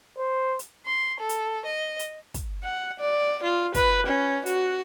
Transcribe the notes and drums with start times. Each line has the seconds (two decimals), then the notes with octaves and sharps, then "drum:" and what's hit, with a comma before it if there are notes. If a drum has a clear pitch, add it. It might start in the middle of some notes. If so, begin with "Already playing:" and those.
0.18 C5
0.59 drum: hi-hat
0.85 C6
1.19 A4
1.29 drum: hi-hat
1.65 D#5
1.99 drum: hi-hat
2.34 drum: kick, hi-hat
2.64 F#5
3.00 D5
3.43 F4
3.74 B4, drum: kick, hi-hat
4.06 C#4
4.46 F#4, drum: hi-hat